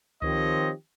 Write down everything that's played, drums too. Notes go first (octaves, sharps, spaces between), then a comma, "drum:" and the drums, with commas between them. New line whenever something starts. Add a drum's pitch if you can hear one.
D#3 F3 C4 G4 C#5 D#5, drum: tom C#2